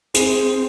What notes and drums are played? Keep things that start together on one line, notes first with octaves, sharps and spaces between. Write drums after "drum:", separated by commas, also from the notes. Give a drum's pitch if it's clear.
C4 G#4, drum: hi-hat